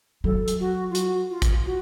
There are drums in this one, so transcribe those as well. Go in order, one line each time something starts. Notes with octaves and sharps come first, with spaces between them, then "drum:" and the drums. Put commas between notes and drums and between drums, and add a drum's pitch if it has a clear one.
F#3 A4
drum: hi-hat
F#4
F4
F#4, drum: hi-hat
F4
drum: kick, hi-hat
F#4